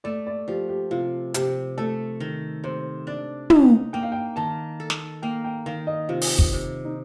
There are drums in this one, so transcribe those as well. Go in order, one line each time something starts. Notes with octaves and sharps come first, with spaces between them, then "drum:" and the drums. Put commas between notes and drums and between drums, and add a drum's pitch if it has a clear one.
A3 D5
D5
F3 G4
G4
C3 F4
C3 G4, drum: hi-hat
A3 A4
D#3
C3 C5
D4 D5
D#4, drum: tom
A#3 G5
F5
G5
D#3 A5
A4
drum: snare
A#3 G5
G5
D#3 F5
D#5
C3 F4
drum: open hi-hat
drum: kick
C3
D#4